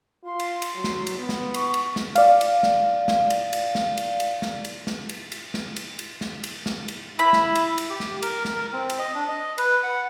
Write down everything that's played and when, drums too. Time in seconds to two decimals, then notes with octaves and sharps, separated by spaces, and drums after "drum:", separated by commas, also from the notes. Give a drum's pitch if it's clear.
0.24 F4 C6
0.39 drum: cymbal
0.62 drum: cymbal
0.75 F#3
0.84 drum: snare
1.07 drum: cymbal
1.18 B3
1.29 drum: snare
1.54 C#6, drum: cymbal
1.74 drum: cymbal
1.96 drum: snare
2.15 D5 F5, drum: cymbal
2.41 drum: cymbal
2.63 drum: snare
3.08 drum: snare
3.30 drum: cymbal
3.53 drum: cymbal
3.75 drum: snare
3.97 drum: cymbal
4.20 drum: cymbal
4.42 drum: snare
4.65 drum: cymbal
4.87 drum: snare
5.09 drum: cymbal
5.32 drum: cymbal
5.54 drum: snare
5.76 drum: cymbal
5.99 drum: cymbal
6.21 drum: snare
6.43 drum: cymbal
6.66 drum: snare
6.88 drum: cymbal
7.19 E4 B5
7.33 drum: snare
7.55 drum: cymbal
7.78 drum: cymbal
7.90 G4
8.00 drum: snare
8.22 A#4, drum: cymbal
8.45 drum: snare
8.55 A#4
8.73 C4
8.90 drum: cymbal
8.99 D#5
9.15 D4
9.28 D#5
9.58 B4, drum: cymbal
9.83 F#5